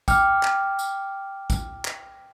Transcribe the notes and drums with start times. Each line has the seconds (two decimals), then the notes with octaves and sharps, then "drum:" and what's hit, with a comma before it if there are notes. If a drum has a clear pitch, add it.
0.08 G5 D6 F6, drum: kick, tambourine
0.43 drum: clap
0.79 drum: tambourine
1.50 drum: kick, tambourine
1.85 drum: clap